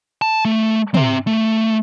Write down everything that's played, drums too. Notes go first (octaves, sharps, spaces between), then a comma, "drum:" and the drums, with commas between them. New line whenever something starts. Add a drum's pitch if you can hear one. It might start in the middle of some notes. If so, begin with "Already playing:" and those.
A5
A3
C4 E5, drum: tom
A3